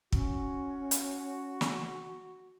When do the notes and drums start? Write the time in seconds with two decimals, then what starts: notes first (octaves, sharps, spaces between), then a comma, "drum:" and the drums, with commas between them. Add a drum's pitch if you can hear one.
0.12 C#4 F#4, drum: kick
0.91 drum: hi-hat
1.61 drum: snare